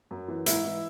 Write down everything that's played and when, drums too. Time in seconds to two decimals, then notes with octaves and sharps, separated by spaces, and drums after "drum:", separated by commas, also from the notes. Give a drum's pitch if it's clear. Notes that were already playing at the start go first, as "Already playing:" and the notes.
0.11 F#2
0.28 E3
0.46 G#2 E4, drum: hi-hat
0.64 E3